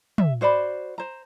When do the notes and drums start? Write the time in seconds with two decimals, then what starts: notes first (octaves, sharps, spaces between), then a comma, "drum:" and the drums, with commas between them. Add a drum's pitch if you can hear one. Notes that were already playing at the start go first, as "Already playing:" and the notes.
0.18 E5, drum: tom
0.41 F#4 C5 D5 B5
0.98 C5 A#5